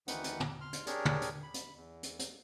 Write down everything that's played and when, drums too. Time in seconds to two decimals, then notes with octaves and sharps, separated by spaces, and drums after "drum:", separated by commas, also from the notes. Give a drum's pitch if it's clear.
0.08 D2 D#3 E3 D#4 B4 F#5, drum: hi-hat
0.24 drum: hi-hat
0.40 drum: tom
0.61 C6 F6
0.73 drum: hi-hat
0.87 D4 G4 G#4 A#4 C#5 D5, drum: hi-hat
1.05 drum: tom
1.22 drum: hi-hat
1.43 B5
1.54 drum: hi-hat
1.75 E2
2.03 drum: hi-hat
2.19 drum: hi-hat